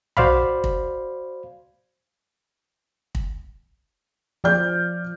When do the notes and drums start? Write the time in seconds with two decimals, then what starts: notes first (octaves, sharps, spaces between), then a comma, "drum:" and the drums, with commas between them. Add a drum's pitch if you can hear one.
0.17 F#4 C5 D5 F5 B5, drum: tom B1
0.64 drum: kick
3.15 drum: kick
4.44 F3 D5 F6 G6